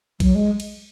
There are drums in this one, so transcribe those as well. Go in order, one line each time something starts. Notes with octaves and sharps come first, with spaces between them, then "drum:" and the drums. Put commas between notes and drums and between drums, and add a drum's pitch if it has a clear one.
F#3, drum: kick A#1, cymbal
G#3
drum: cymbal